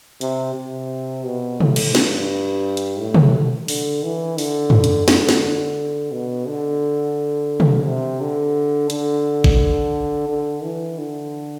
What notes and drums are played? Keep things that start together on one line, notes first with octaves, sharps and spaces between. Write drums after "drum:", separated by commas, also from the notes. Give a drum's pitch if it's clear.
C3, drum: hi-hat
C3
B2
A2, drum: tom
drum: cymbal
G2, drum: snare
drum: hi-hat
A2
drum: tom
D3, drum: open hi-hat
E3
D3, drum: open hi-hat
drum: tom
drum: hi-hat
D3, drum: snare
drum: snare
B2
D3
drum: tom
C3
D3
D3, drum: hi-hat
drum: kick G#1
D3
E3
D3